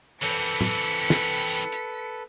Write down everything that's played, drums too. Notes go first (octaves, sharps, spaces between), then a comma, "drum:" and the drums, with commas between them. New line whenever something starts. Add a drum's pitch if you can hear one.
E3 C4 A4 B4 B6 C#7, drum: cymbal
drum: tom
drum: snare
drum: tambourine
drum: hi-hat